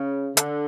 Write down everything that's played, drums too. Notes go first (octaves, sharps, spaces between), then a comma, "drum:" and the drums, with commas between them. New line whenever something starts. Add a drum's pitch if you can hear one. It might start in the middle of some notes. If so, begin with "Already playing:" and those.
Already playing: C#3
D3, drum: hi-hat